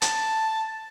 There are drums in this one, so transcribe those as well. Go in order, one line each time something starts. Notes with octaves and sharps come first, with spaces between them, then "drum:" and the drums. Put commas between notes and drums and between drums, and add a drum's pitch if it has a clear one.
A5, drum: hi-hat